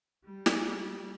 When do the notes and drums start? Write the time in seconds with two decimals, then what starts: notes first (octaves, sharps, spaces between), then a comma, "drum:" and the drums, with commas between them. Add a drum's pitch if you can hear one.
0.24 G3
0.46 drum: snare
0.62 G3